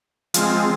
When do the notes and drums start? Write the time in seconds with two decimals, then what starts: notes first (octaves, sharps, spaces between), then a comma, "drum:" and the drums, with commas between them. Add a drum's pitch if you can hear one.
0.34 F3 G#3 C4, drum: hi-hat